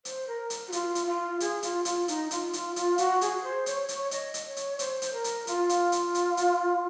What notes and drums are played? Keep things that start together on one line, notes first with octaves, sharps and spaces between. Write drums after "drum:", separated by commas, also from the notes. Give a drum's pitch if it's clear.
C5, drum: hi-hat
A#4
drum: hi-hat
F#4
F4, drum: hi-hat
drum: hi-hat
F4
G#4, drum: hi-hat
F4, drum: hi-hat
F4, drum: hi-hat
D#4, drum: hi-hat
F4, drum: hi-hat
F4, drum: hi-hat
F4, drum: hi-hat
F#4, drum: hi-hat
G#4, drum: hi-hat
C5
C#5, drum: hi-hat
C#5, drum: hi-hat
D#5, drum: hi-hat
drum: hi-hat
C#5
drum: hi-hat
C5, drum: hi-hat
drum: hi-hat
A#4
drum: hi-hat
F4, drum: hi-hat
drum: hi-hat
drum: hi-hat
drum: hi-hat
drum: hi-hat